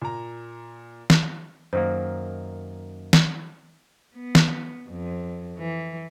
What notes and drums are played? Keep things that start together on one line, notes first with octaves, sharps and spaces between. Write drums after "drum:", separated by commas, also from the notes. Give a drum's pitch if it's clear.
A#2 A#5
drum: snare
F#2 D#3 A#3 C5
drum: snare
B3
drum: snare
F2
E3